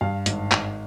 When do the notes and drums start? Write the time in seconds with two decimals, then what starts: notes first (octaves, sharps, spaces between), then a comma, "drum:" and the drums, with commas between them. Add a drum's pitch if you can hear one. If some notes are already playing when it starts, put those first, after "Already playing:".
0.01 G2 F5
0.26 G#1, drum: hi-hat
0.52 G#1, drum: clap